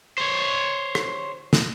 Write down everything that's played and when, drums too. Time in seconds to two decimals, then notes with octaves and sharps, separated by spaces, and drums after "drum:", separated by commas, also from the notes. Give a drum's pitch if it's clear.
0.18 C5 C#5
0.95 drum: rim click
1.53 drum: snare